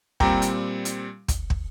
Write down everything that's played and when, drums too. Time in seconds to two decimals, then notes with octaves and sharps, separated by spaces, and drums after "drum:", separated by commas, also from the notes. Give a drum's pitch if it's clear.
0.20 A#2 G3 C4 G5 A#5, drum: kick
0.42 drum: hi-hat
0.85 drum: hi-hat
1.28 drum: kick, hi-hat
1.50 drum: kick